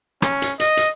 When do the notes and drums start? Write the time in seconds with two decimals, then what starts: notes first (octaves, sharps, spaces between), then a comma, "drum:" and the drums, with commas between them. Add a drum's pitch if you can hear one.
0.22 C#4, drum: rim click
0.42 drum: hi-hat
0.60 D#5, drum: hi-hat
0.77 drum: hi-hat